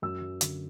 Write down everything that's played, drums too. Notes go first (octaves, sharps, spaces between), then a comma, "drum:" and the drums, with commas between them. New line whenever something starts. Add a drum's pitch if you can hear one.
F#2 E6
F#3
D3, drum: hi-hat